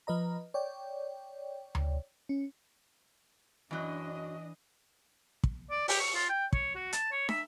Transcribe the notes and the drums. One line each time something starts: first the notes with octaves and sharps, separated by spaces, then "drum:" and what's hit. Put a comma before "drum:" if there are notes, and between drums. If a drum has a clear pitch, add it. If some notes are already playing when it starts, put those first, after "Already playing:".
F3 B4 D#5 A#5
C#5 D5 G5
drum: tom D2
C#4
F#2 E3 F#3 D4 D#5 F#6
drum: kick
D5
G4, drum: open hi-hat
C#6
F4
G5
C#5, drum: kick
F#4
A5, drum: hi-hat
C#5
E5, drum: snare